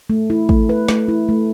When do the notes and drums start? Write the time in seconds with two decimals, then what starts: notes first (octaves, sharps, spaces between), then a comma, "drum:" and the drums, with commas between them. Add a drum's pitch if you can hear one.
0.10 A3
0.30 E4
0.49 A3, drum: kick
0.69 B4
0.89 A3, drum: snare
1.08 E4
1.29 A3